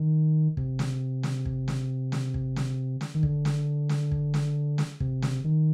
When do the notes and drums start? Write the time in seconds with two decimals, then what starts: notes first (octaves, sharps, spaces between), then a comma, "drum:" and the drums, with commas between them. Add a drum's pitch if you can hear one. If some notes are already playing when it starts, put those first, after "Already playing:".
Already playing: D#3
0.57 C3, drum: kick
0.79 drum: snare
1.23 drum: snare
1.45 drum: kick
1.68 drum: snare
2.12 drum: snare
2.34 drum: kick
2.56 drum: snare
3.01 drum: snare
3.15 D#3
3.23 D3, drum: kick
3.45 drum: snare
3.89 drum: snare
4.12 drum: kick
4.34 drum: snare
4.78 drum: snare
5.00 C3, drum: kick
5.22 drum: snare
5.44 D#3